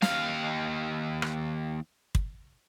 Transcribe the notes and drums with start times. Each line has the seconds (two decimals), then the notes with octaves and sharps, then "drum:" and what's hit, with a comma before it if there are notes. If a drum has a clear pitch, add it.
0.02 D#2 F5, drum: snare
1.22 drum: rim click
2.15 drum: kick